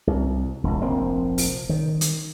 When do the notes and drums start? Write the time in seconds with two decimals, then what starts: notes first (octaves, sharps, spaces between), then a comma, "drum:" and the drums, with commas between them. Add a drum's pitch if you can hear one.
0.07 C2
0.64 E1 C#2
0.81 F1 A#1 A#3 C4
1.38 drum: open hi-hat
1.69 D#3
2.01 drum: hi-hat